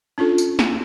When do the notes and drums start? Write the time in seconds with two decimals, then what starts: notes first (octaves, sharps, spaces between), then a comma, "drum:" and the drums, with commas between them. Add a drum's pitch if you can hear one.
0.18 C#4 D4 F4 A4
0.38 drum: tambourine
0.59 drum: snare